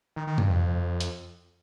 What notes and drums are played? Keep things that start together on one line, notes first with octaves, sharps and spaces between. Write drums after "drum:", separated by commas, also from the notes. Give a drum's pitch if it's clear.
D#3
D#3
G2, drum: tom C3
F2
drum: hi-hat